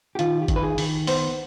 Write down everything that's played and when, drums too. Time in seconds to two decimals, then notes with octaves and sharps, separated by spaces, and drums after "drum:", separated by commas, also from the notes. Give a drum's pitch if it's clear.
0.15 G4
0.19 D#3 F4, drum: hi-hat
0.42 G4
0.48 D#3, drum: kick, hi-hat
0.56 B4
0.63 G#4
0.78 D#3, drum: open hi-hat
1.07 B3 C5, drum: open hi-hat